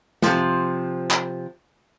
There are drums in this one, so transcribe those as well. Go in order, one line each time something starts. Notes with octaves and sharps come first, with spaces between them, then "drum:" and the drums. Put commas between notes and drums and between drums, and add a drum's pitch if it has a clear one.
C3 F3, drum: snare
drum: clap